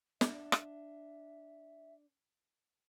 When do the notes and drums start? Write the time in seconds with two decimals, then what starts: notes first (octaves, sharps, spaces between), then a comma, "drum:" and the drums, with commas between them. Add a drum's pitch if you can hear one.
0.21 D4 E5 F#5, drum: snare
0.52 drum: rim click